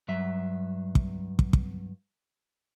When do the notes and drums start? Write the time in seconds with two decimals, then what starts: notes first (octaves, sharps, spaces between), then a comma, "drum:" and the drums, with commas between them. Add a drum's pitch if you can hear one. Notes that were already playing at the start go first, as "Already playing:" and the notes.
0.08 G2 F#3 E5
0.95 drum: kick
1.39 drum: kick
1.53 drum: kick